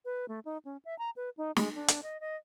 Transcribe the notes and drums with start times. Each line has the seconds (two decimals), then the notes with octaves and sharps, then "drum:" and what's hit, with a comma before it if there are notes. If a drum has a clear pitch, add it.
0.05 B4
0.28 A3
0.45 D#4
0.65 C#4
0.85 E5
0.99 A#5
1.16 B4
1.37 D#4
1.56 G#3, drum: snare
1.75 D4
1.88 drum: hi-hat
2.03 D#5
2.20 D#5